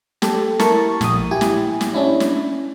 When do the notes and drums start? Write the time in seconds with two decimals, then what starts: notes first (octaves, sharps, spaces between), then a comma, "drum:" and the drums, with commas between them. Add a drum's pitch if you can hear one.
0.22 G4 A4, drum: snare
0.60 E4 A#4 A5 C#6, drum: snare
1.01 A#1 D#6, drum: snare
1.31 E4 G4 G#5
1.41 drum: snare
1.81 drum: snare
1.94 C#4 D4 E4
2.20 drum: snare